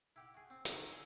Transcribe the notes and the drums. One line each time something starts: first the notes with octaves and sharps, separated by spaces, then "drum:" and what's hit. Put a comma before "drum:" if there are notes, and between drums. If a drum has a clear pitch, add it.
E4 G4 F#5
F#4 G#4
C4
C#2 G#2 D3 D#3 B3, drum: hi-hat
E4 G#4